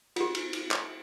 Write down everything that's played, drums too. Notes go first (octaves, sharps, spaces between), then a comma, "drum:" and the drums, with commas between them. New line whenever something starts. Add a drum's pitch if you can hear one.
F4 G4, drum: cymbal
drum: cymbal
drum: cymbal
drum: clap